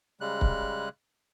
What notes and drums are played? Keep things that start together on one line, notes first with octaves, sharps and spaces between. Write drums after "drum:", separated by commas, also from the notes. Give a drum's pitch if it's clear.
C#3 G3 G#3 F#6
drum: kick C#1